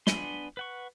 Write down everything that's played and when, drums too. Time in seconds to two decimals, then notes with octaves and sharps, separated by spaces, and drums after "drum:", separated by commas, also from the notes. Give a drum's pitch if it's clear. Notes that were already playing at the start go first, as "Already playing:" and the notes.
0.07 B3 D4 G#5 B5 C6, drum: snare
0.57 B4 F#5 C#6